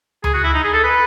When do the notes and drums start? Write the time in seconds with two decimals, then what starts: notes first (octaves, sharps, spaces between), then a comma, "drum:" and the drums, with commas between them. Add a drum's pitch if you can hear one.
0.24 G#4, drum: tom D2
0.34 F#4
0.44 E4
0.54 D#4
0.64 G#4
0.73 A4
0.84 B4